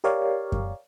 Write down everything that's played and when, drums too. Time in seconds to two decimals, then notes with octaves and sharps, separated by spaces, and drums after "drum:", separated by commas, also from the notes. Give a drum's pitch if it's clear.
0.04 G4 A#4 C#5 D5 F5
0.52 drum: kick F#2